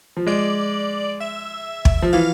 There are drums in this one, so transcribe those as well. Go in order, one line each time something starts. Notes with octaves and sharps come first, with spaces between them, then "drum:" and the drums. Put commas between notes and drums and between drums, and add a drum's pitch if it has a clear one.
F3
G#3 D5
E5
drum: kick
F3
E3 F5